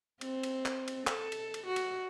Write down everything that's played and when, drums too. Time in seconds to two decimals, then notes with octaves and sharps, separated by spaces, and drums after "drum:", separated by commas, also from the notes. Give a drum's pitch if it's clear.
0.21 C4, drum: cymbal
0.43 drum: cymbal
0.66 drum: clap
0.88 drum: cymbal
1.07 A4, drum: clap
1.32 drum: cymbal
1.54 drum: cymbal
1.67 F#4
1.76 drum: cymbal